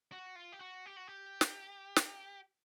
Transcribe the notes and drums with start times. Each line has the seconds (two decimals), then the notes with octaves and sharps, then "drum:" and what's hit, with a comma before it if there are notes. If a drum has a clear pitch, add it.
0.12 F#4
0.36 F4
0.52 G4
0.61 F#4
0.86 G4
0.96 F#4
1.08 G4
1.41 drum: snare
1.96 drum: snare